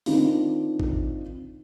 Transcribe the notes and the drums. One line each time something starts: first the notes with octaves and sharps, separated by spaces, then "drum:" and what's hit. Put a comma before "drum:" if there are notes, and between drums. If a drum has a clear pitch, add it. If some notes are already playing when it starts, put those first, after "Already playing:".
D#3 C4 D4 F4, drum: open hi-hat
drum: kick